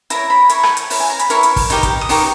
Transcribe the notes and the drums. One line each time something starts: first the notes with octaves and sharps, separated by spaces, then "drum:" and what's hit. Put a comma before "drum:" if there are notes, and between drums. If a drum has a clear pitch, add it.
E4 A#4 C#5 A#5, drum: hi-hat
B5
E4 A#4 C#5 C#6, drum: hi-hat
drum: rim click
drum: hi-hat
E4 A#4 C#5, drum: open hi-hat
G#5
A#5
B5, drum: hi-hat
E4 A#4 C#5 C#6, drum: hi-hat
drum: hi-hat
drum: kick, open hi-hat
D#4 G4 A#4, drum: hi-hat
drum: kick, hi-hat
D#6
D#4 G4 A#4 C#6, drum: open hi-hat